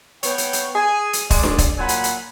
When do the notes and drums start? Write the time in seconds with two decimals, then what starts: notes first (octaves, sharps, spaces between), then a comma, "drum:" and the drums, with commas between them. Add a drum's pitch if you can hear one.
0.23 B3 C#5 G5, drum: hi-hat
0.38 drum: hi-hat
0.53 drum: hi-hat
0.76 G#4 G#5
1.13 drum: hi-hat
1.30 G#3 D5, drum: kick, open hi-hat
1.43 drum: snare D4
1.58 drum: kick, hi-hat
1.78 A#2 F#3 F#5 G#5 B5
1.89 drum: hi-hat
2.04 drum: hi-hat